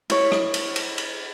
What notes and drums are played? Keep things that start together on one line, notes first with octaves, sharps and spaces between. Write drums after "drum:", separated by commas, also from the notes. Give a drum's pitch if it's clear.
E4 C#5, drum: cymbal
drum: rim click
drum: cymbal
drum: cymbal
drum: cymbal